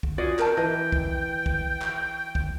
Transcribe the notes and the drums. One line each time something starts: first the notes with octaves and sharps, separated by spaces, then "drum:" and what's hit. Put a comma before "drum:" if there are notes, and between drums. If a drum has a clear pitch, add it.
drum: kick
F4 F#4 G#4 D5
A#4 G5 A5, drum: clap
E3 D#5
drum: kick
drum: kick
drum: clap
drum: kick